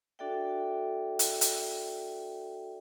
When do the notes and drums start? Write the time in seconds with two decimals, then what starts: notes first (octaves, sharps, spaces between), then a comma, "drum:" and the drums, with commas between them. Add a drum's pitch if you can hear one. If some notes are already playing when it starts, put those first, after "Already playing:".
0.19 D4 F#4 A4 D5 E5 G5
1.19 drum: hi-hat
1.41 drum: hi-hat